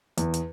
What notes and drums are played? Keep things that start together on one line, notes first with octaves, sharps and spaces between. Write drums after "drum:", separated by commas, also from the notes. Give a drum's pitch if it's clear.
E2, drum: hi-hat
drum: hi-hat